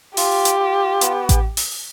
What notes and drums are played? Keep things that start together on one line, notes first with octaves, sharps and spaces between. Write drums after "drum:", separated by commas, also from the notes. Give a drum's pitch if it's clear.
F4 G4, drum: open hi-hat
drum: hi-hat
F4
B3, drum: hi-hat
drum: kick A1, hi-hat
drum: open hi-hat